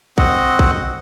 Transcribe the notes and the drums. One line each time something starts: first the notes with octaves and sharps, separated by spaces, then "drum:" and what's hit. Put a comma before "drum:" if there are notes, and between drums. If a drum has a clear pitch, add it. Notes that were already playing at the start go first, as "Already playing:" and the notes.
C4 F#4 D#5 F#5, drum: kick
drum: kick